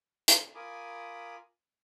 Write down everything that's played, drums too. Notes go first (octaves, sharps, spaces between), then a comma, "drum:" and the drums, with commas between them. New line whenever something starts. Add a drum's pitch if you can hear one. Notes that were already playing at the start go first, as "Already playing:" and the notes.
drum: hi-hat
F4 A#4 G#5 B5 D6 D#6